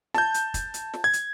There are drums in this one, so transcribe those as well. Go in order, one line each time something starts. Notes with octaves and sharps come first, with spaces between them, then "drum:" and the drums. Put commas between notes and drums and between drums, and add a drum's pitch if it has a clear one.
A5 G6, drum: snare
drum: hi-hat
drum: kick, hi-hat
drum: hi-hat
drum: snare
G#6
drum: hi-hat